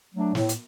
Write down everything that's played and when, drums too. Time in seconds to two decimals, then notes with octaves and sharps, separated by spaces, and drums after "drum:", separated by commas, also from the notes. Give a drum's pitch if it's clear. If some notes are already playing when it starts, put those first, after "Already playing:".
0.14 F#3 A3 D4
0.35 A2, drum: snare
0.49 drum: hi-hat